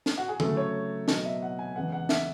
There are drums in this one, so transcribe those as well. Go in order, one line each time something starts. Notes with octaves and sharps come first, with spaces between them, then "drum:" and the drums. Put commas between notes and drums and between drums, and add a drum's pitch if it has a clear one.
drum: snare
F#4
G#4
C#3 F#3 A3 A4, drum: tom D3
C#5
B2 F#3 B3 D#5, drum: snare
E5
F#5
G#5
E2 C#3 G#3 B3 F#5
F#5
E5, drum: snare